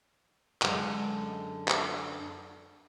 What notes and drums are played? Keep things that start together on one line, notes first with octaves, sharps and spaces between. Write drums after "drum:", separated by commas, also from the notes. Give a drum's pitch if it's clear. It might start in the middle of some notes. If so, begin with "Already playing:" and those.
F#2 D3 G#3, drum: clap
drum: clap